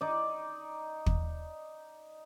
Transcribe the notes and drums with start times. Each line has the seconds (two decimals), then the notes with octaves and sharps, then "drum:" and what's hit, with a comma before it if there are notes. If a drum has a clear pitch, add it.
0.01 D#4 D5
1.06 drum: kick